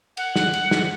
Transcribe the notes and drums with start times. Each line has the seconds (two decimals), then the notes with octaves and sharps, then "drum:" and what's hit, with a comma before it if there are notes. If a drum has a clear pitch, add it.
0.17 F#5, drum: cymbal
0.36 drum: snare
0.53 drum: cymbal
0.71 drum: snare